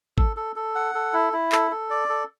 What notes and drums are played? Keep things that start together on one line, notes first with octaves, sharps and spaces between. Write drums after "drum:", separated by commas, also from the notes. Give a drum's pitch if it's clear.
A4, drum: kick G#1
A4
A4
F#5
A4
E4
E4
A4, drum: clap
A4
D5
A4